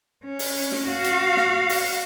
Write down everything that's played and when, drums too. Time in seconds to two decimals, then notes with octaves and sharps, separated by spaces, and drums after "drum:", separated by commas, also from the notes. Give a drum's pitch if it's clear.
0.25 C#4
0.39 drum: open hi-hat
0.72 drum: snare
0.88 F#4 F5
1.04 drum: hi-hat
1.37 drum: snare
1.69 drum: open hi-hat